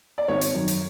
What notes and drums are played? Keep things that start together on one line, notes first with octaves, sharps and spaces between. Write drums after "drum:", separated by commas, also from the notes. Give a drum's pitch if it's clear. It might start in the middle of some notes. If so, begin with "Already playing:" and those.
D5
G#1 C#5
drum: hi-hat
F#2 D#3
drum: hi-hat